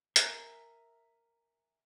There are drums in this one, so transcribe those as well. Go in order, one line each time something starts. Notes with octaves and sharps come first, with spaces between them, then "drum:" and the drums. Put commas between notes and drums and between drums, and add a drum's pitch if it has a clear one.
A#4 E5 G#5 A#5, drum: hi-hat